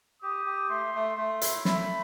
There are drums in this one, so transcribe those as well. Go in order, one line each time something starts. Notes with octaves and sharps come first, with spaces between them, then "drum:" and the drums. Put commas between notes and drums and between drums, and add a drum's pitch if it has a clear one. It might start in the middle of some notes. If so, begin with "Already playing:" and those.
G4 D#6
G4
A3 C6
A3
A3 C6
E4, drum: hi-hat
A3 B5, drum: snare